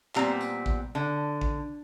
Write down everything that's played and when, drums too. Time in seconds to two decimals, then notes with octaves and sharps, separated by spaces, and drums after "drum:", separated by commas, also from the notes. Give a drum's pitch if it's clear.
0.15 A#2 G3 B3 C4 A#5, drum: clap
0.41 drum: tambourine
0.66 drum: kick A1
0.95 D3
1.41 drum: kick A1